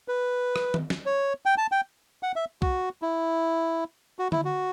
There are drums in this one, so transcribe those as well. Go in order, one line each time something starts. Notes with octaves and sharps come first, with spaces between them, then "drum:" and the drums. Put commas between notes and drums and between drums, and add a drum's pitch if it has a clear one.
B4
drum: rim click
drum: tom D#3
drum: snare
C#5
G5
A5
G5
F#5
E5
F#4, drum: kick B1
E4
F#4
E4, drum: tom D3
F#4